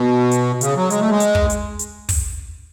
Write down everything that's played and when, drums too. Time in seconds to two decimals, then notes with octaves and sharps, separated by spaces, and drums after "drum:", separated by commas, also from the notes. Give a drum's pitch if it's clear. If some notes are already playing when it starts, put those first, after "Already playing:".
Already playing: B2
0.31 drum: hi-hat
0.61 C#3, drum: hi-hat
0.76 F#3
0.90 G#3, drum: hi-hat
1.00 A3
1.10 G#3
1.20 drum: hi-hat
1.35 drum: kick
1.50 drum: hi-hat
1.79 drum: hi-hat
2.09 drum: kick, open hi-hat